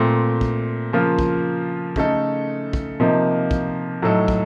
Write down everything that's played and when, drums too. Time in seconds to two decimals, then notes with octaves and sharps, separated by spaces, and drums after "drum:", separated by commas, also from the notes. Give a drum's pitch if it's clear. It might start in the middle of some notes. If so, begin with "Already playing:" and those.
Already playing: A#2 A3 C4
0.41 drum: kick
0.93 C#3 F3 A#3 F4
1.19 drum: kick
1.96 C#3 A3 D#4 A4, drum: kick
2.73 drum: kick
3.00 C3 F3 A#3 D#4
3.51 drum: kick
4.02 A2 F#3 A3 D#4 A4
4.28 drum: kick